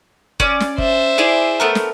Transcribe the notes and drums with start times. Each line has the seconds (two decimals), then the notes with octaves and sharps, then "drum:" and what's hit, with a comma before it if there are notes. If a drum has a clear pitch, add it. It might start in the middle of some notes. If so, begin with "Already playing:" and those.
0.40 C#4 D5, drum: kick G1
0.60 drum: snare
0.78 C5 E5, drum: kick G1
1.18 E4 G#4 D5
1.60 A3 B3 A#4
1.75 drum: snare